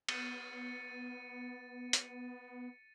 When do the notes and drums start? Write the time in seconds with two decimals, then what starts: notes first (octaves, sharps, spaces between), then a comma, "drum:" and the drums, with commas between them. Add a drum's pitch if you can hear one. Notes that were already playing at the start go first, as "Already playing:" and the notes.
0.09 B3 A6 C#7 D#7, drum: cymbal
1.93 drum: hi-hat